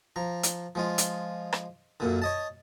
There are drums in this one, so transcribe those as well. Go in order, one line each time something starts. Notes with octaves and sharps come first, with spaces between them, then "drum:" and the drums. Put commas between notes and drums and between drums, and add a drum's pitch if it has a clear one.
F3 A#5
drum: hi-hat
F3 G#3 F4
drum: hi-hat
drum: rim click
F#2 A#2 D3
C#5 D#5 A5